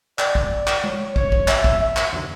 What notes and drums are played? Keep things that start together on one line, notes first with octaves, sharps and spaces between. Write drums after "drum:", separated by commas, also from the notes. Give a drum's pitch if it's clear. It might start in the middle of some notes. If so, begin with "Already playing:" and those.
D5, drum: clap
drum: kick
drum: clap
C#5, drum: tom G#3
C#5, drum: kick
drum: kick
E5, drum: clap
drum: kick
E5
drum: clap
drum: tom